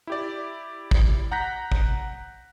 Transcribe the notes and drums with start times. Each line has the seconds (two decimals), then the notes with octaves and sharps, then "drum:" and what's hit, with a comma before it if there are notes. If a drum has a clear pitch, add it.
0.07 E4 G4 D5
0.91 drum: kick
1.31 F#5 A#5 F#6 G6 A#6 B6
1.72 drum: kick